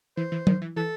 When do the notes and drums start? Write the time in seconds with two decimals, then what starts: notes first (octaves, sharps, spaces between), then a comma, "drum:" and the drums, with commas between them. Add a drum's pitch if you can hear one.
0.17 E3 C5
0.32 E3
0.47 D#3, drum: tom
0.62 E3
0.76 E3 A4